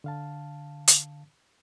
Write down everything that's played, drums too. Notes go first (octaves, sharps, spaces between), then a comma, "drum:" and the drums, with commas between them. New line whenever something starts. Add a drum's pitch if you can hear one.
D3 F5 A5
drum: hi-hat